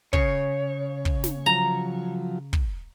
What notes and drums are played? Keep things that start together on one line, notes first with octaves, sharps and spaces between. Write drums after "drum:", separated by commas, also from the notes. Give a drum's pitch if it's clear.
C#3 C#5, drum: kick
drum: kick
drum: snare
F3 F#3 A#5
drum: kick